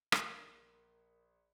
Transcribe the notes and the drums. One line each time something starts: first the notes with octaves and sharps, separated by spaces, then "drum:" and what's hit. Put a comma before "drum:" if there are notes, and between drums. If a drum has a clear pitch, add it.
A#1 A#4, drum: rim click